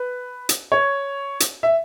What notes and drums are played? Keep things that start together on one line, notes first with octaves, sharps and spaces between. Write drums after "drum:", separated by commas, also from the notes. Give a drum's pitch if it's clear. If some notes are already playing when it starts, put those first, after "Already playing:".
Already playing: B4
drum: hi-hat
C#5
drum: hi-hat
E5